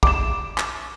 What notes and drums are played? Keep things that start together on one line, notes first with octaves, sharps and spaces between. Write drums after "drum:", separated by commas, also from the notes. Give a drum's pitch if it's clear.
D6 E7, drum: kick
drum: clap